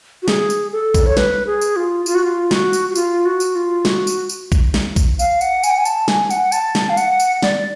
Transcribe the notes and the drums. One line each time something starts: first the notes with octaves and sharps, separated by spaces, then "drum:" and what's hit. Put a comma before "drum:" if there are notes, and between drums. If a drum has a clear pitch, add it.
F#4
G#4, drum: snare
drum: tambourine
A4
drum: kick A#1, tambourine
C#5
B4, drum: snare
G#4
drum: tambourine
F4
F4, drum: tambourine
F#4
F4
F#4, drum: snare
drum: tambourine
F#4
F4, drum: tambourine
F#4
drum: tambourine
F4
F#4, drum: snare
drum: tambourine
drum: tambourine
drum: kick A#1, tambourine
drum: snare
drum: kick A#1, tambourine
F5, drum: tambourine
F#5, drum: tambourine
G#5, drum: tambourine
F#5
G#5
A5, drum: tambourine
G#5, drum: snare
F#5, drum: tambourine
A5, drum: tambourine
drum: snare
F5
F#5, drum: tambourine
drum: tambourine
D5, drum: snare